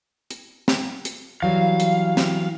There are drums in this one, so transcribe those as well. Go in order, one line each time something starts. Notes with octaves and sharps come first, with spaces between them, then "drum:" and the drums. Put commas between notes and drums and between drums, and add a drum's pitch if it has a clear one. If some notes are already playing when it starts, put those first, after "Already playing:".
drum: hi-hat
drum: snare
drum: hi-hat
E3 F#3 G3 F5
drum: hi-hat
drum: snare